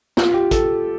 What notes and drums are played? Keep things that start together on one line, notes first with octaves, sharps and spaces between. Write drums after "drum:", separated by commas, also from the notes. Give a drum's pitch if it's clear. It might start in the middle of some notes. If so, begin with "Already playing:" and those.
F4, drum: snare
G4
A4, drum: kick, hi-hat